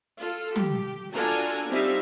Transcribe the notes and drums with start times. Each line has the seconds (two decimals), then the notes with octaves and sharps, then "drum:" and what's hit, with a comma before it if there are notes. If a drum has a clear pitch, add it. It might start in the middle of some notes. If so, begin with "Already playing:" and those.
0.19 F4 A4
0.56 G4, drum: tom
1.14 D4 F4 F#4 A4 G#5 A#5
1.69 G3 C4 D#4 E5 F5